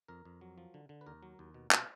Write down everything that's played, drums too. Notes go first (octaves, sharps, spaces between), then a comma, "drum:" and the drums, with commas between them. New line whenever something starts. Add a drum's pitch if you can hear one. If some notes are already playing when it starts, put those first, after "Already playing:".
F2 A#4
F2
F#3
F3
D3
D3
B4
D#2 A#4
F#3
D#2
B2
B2, drum: clap